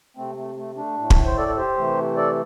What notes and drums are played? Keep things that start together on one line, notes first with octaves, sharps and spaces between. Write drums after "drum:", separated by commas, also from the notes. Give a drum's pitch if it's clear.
C3 A3 C4
A3
A3
A3 D4
A2 A3
drum: kick
C5
A4 D5
A4
G4 C5
C3 E3 A3
A4 D5